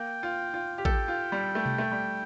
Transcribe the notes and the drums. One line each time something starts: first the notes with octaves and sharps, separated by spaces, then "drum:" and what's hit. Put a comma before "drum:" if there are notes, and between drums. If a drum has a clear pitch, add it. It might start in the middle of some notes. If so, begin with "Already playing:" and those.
Already playing: A#3 G5
F4
F4
G4
A4 G5, drum: kick A1
F4
G3
A3
drum: tom B2
A3
G3